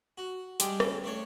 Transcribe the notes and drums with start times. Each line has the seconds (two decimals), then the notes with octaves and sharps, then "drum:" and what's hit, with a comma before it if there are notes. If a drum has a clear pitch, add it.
0.18 F#4
0.60 G3 G#3 D4 G4, drum: hi-hat
0.80 C#3 A4, drum: rim click
1.04 A3 D4 C#5